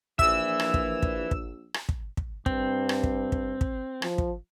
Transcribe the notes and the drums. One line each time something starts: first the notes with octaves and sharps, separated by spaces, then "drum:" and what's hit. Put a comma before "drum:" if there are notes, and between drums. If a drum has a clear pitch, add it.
A#1 B4 E5 E6, drum: kick
drum: rim click
drum: kick
drum: kick
drum: kick
drum: rim click
drum: kick
drum: kick
G2 C4, drum: kick
drum: rim click
drum: kick
drum: kick
drum: kick
F3, drum: rim click
drum: kick